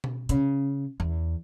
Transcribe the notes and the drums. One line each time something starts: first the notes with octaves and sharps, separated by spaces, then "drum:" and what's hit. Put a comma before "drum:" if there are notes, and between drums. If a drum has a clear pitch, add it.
drum: tom B2
C#3, drum: hi-hat
E2